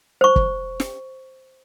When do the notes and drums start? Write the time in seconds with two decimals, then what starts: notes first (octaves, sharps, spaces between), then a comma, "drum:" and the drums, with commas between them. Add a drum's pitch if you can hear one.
0.21 C5 C#6
0.36 drum: kick
0.80 drum: snare